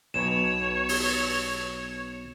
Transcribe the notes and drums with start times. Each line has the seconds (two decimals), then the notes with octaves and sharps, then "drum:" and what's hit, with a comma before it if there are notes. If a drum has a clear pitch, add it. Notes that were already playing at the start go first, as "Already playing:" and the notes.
0.14 B1 B2 C#5 E7
0.89 drum: open hi-hat